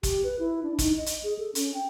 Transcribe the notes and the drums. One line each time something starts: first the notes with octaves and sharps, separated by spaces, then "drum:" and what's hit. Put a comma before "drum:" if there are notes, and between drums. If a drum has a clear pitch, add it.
G4, drum: kick, hi-hat
B4
E4
D4
D#4, drum: kick, hi-hat
D#5
drum: hi-hat
G#4
A4
C#4, drum: hi-hat
G5